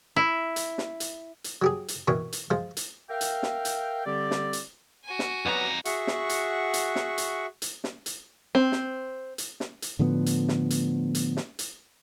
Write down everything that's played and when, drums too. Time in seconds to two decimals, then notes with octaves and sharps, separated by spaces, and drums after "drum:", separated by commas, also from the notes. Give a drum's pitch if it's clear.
0.16 E4
0.56 drum: hi-hat
0.78 drum: snare
1.00 drum: hi-hat
1.44 drum: hi-hat
1.62 F#3 G4 G#4
1.88 drum: hi-hat
2.08 B2 D#3 E3 C#5
2.33 drum: hi-hat
2.51 F3 G#3 C5
2.77 drum: hi-hat
3.09 A#4 E5 F5 G5
3.21 drum: hi-hat
3.43 drum: snare
3.65 drum: hi-hat
4.05 D3 G3 C4 G4 D5
4.31 drum: snare
4.53 drum: hi-hat
5.04 F#4 G#5
5.19 drum: snare
5.46 F2 F#3 G3 B3 A#5
5.85 F#4 G#4 E5 F#5 C#6, drum: hi-hat
6.07 drum: snare
6.29 drum: hi-hat
6.74 drum: hi-hat
6.96 drum: snare
7.18 drum: hi-hat
7.62 drum: hi-hat
7.84 drum: snare
8.06 drum: hi-hat
8.55 C4
8.72 drum: snare
9.38 drum: hi-hat
9.60 drum: snare
9.82 drum: hi-hat
9.99 A2 D3 F3 B3
10.26 drum: hi-hat
10.48 drum: snare
10.70 drum: hi-hat
11.15 drum: hi-hat
11.37 drum: snare
11.59 drum: hi-hat